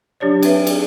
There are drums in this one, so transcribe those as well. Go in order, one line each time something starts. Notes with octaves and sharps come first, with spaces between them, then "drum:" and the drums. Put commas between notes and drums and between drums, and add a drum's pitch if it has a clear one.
F#3 D4 G4 C#5 D5
C4 B4 E5, drum: cymbal
G#4, drum: cymbal